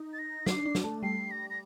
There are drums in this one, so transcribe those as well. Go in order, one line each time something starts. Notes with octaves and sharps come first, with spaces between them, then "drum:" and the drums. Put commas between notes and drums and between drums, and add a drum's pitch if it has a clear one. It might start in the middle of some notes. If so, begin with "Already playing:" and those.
Already playing: D#4
A6
A#6
D4 C7, drum: snare
D4
drum: snare
A3
G3 C7
A#6
A#6